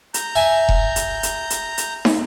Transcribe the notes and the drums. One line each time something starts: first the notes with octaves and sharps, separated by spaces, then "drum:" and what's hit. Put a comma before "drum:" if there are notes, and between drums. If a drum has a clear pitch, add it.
A#5 G6, drum: hi-hat
E5 G#5 A5
drum: kick E1
drum: hi-hat
drum: hi-hat
drum: hi-hat
drum: hi-hat
drum: snare